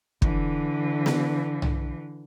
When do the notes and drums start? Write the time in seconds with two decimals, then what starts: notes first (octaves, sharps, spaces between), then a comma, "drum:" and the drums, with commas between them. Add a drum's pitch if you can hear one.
0.22 D3 E3, drum: kick
1.06 drum: snare B3
1.62 drum: tom